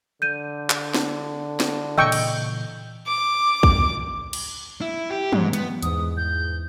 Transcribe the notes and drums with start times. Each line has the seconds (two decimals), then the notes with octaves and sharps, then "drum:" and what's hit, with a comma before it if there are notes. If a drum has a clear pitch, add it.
0.22 D3 G6 D#7
0.70 drum: clap
0.94 drum: snare
1.60 drum: snare
1.98 A#2 C#3 E3 D#5 G5 C#6 E6 G6
2.12 drum: cymbal
3.07 D6
3.63 drum: kick
4.33 drum: cymbal
4.81 E4
5.10 G4
5.33 G#2, drum: tom
5.53 B3, drum: hi-hat
5.83 E2 G#2 D#6, drum: hi-hat
6.17 G6